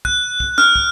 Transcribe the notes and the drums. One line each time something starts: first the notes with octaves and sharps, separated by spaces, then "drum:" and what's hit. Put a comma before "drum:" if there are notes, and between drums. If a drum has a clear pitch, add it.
F#6, drum: kick
drum: kick
F6, drum: snare
drum: kick